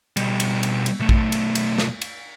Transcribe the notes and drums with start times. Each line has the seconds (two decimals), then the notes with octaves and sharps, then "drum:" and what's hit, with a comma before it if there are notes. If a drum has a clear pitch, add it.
0.17 B2 G3, drum: cymbal
0.40 drum: cymbal
0.63 drum: cymbal
0.86 drum: cymbal
1.00 B1 A3
1.09 drum: kick A1
1.32 drum: cymbal
1.55 drum: cymbal
1.78 drum: snare
2.02 drum: cymbal